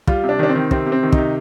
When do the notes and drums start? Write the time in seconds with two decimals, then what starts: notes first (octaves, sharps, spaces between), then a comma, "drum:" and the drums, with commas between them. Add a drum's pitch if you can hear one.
0.07 G3 F4, drum: kick
0.24 C3
0.29 D4
0.39 D#3 D4
0.49 C4
0.55 D#3
0.71 C3 C4, drum: kick
0.86 C3
0.92 C4
1.03 D#3
1.12 D#4, drum: kick
1.18 C3